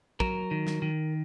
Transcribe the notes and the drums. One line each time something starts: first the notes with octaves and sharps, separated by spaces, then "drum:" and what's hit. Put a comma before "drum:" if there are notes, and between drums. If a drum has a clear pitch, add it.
F#3 A#4, drum: kick
D#3
drum: snare
D#3